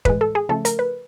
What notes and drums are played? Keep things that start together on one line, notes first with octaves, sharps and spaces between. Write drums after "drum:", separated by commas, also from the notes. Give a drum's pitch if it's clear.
A2 E3 G#3 B4, drum: kick
A4
G#4
C#3 F3 A3 A4
A#4, drum: hi-hat
B4